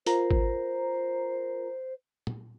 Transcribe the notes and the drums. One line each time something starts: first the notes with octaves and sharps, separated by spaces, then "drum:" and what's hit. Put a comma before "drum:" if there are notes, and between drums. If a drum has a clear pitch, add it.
F4 A#4 C5 A#5, drum: hi-hat
drum: kick
drum: tom A#2